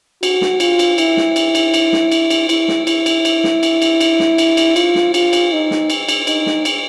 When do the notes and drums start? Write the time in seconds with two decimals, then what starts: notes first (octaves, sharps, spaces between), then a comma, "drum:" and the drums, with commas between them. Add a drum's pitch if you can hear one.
0.23 F#4, drum: cymbal
0.41 drum: snare
0.60 F4, drum: cymbal
0.79 drum: cymbal
0.98 E4, drum: cymbal
1.17 drum: snare
1.36 drum: cymbal
1.55 drum: cymbal
1.74 drum: cymbal
1.93 drum: snare
2.12 drum: cymbal
2.30 drum: cymbal
2.49 E4, drum: cymbal
2.68 drum: snare
2.87 E4, drum: cymbal
3.06 drum: cymbal
3.25 drum: cymbal
3.44 drum: snare
3.63 drum: cymbal
3.82 drum: cymbal
4.01 drum: cymbal
4.19 drum: snare
4.38 drum: cymbal
4.57 drum: cymbal
4.76 F4, drum: cymbal
4.95 drum: snare
5.14 F4, drum: cymbal
5.33 drum: cymbal
5.52 D#4
5.71 drum: snare
5.90 drum: cymbal
6.09 drum: cymbal
6.27 D#4, drum: cymbal
6.46 drum: snare
6.65 drum: cymbal